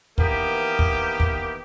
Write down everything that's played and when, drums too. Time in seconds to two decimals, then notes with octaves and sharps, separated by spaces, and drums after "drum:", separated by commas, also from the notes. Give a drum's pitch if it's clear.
0.18 D#3 E3 A#3 B3 G4, drum: kick
0.79 drum: kick
1.20 drum: kick